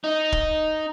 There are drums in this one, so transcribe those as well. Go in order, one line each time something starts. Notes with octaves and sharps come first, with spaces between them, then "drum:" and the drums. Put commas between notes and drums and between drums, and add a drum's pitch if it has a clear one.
D#4
drum: kick